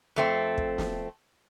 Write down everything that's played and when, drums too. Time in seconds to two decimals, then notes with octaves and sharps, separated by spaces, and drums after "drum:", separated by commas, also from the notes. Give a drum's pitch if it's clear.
0.16 F2 A3 C4
0.58 drum: kick
0.78 drum: snare